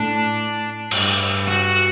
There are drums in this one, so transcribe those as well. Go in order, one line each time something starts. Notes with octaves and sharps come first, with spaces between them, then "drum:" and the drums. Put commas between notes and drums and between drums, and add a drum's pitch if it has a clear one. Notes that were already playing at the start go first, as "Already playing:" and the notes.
Already playing: A2 D4
G2, drum: cymbal
F#4